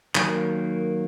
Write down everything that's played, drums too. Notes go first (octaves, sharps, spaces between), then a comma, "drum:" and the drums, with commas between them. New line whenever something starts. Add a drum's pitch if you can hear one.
D#3 F#3 A#3, drum: clap